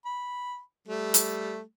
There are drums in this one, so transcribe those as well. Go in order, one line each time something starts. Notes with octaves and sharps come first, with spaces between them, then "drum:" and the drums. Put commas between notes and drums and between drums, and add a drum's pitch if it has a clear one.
B5
G3 A3
drum: hi-hat